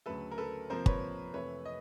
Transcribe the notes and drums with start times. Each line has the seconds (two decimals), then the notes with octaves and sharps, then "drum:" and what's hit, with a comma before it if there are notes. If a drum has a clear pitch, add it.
0.06 D2 C#3 F#3 A3 A4 B4
0.31 A#4
0.38 A4 B4
0.70 F2 C3 F3 A#3 A#4 C5
0.86 B4 C#5, drum: kick
1.33 F2 C3 E3 A3 B4 C#5
1.65 D#5